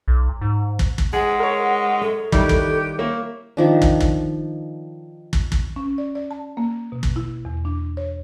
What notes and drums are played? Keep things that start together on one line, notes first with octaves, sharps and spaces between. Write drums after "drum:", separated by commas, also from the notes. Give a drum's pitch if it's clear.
B1
G#2
drum: kick
drum: kick
G#3 G#4 F#5
A#4 C#5
A4 E5
D#3 G3 E4 G4, drum: kick
drum: kick
A#3 C#5 E5 G5
D#3 F3 D4
drum: kick
drum: kick
drum: kick
drum: kick
C#4
D5
D5
A5
A#3
B2
drum: kick
E4
E2
D4
C#5